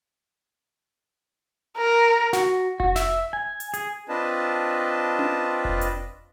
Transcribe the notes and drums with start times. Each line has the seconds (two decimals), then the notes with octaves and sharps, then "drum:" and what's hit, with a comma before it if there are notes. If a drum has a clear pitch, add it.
1.78 A#4
2.33 F#4, drum: snare
2.80 F#4, drum: kick F1
2.96 E5, drum: snare
3.33 G#5
3.60 drum: hi-hat
3.74 G#4, drum: hi-hat
4.09 C4 D4 F4 B4 D#5 A5
5.19 drum: tom C#4
5.65 drum: kick F1
5.81 drum: hi-hat